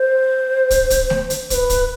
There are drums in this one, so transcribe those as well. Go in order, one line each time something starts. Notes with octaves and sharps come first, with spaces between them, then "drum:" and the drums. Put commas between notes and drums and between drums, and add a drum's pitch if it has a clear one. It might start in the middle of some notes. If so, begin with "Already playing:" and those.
Already playing: C5
drum: kick, hi-hat
drum: kick, hi-hat
drum: snare A3
drum: hi-hat
C5, drum: kick, hi-hat
B4
drum: kick, hi-hat